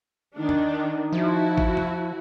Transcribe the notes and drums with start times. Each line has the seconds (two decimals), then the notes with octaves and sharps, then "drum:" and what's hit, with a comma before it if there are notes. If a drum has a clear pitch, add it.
0.37 D#3 D4 D#4
0.49 drum: tom E2
1.12 F3 E4 F#4
1.58 drum: kick
1.77 drum: tom E2